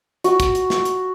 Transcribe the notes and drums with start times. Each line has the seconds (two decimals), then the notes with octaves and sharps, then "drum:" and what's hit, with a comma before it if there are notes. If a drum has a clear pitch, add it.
0.24 F#4, drum: hi-hat
0.40 drum: kick, hi-hat
0.55 drum: hi-hat
0.70 drum: snare
0.85 drum: hi-hat